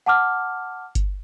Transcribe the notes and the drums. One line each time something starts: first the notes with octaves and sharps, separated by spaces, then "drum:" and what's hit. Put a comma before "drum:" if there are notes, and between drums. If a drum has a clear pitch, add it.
F#5 A5 D6 F6
drum: kick G1, hi-hat